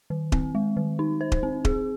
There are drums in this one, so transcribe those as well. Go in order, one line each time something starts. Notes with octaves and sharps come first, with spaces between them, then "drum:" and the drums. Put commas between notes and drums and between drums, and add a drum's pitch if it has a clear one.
D#3
C4, drum: kick D#1
G#3
D#3
D#4
C5
drum: kick D#1
C4
G#4, drum: kick D#1